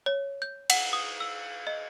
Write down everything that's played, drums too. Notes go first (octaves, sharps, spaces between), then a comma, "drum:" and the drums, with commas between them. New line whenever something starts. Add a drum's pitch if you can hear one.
C#5
G6
F#5, drum: cymbal
D#6
E6
D#5